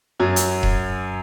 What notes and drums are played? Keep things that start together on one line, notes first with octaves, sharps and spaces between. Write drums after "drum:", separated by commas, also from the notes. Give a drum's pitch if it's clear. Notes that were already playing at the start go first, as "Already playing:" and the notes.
F#2 F#3
drum: hi-hat
drum: kick E1